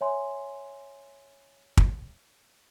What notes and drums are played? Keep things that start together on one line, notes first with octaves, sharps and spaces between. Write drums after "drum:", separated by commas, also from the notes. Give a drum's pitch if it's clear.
C#5 E5 G#5 C6
drum: kick